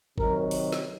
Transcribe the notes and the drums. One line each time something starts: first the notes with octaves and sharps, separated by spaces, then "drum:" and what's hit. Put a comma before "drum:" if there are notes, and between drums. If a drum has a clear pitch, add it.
C3 D#3 F#3 A#4, drum: kick G#1
drum: open hi-hat
drum: snare